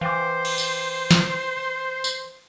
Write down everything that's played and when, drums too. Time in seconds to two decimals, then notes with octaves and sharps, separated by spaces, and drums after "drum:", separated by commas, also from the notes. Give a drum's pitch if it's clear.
0.01 E3 C5 F5 G5 D6
0.45 drum: cymbal
0.58 drum: tambourine
1.11 drum: snare
2.04 drum: tambourine